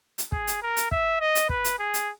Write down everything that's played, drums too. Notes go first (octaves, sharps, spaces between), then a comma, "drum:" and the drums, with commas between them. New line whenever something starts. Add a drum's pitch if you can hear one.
drum: hi-hat
G#4, drum: kick
drum: hi-hat
A#4
drum: hi-hat
E5, drum: kick
D#5
drum: hi-hat
B4, drum: kick
drum: hi-hat
G#4
drum: hi-hat